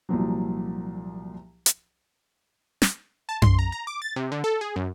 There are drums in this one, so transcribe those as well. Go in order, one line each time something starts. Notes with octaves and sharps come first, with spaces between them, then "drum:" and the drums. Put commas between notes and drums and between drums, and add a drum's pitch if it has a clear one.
C2 A#2 F3 F#3
drum: hi-hat
drum: snare
A5
C6, drum: tom F#2
A#5
A#5
D6
A6
C3
D3
A4
G#4
F#2